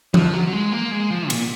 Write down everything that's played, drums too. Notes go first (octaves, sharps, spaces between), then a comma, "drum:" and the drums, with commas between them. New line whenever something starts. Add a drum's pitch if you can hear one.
F3, drum: tom E3
F#3
F#3
G#3
A#3
G#3
F3
A#2, drum: cymbal